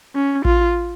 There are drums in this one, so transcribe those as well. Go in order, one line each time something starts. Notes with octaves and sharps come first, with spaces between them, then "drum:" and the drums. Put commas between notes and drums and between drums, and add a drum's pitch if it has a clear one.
C#4
F4, drum: kick A1